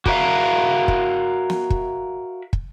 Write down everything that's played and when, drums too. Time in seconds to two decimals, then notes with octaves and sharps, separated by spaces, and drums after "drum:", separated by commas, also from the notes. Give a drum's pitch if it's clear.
0.06 F#4 G4 A#4 C#5 E5 F5, drum: kick
0.88 drum: kick
1.50 drum: snare
1.70 drum: kick
2.53 drum: kick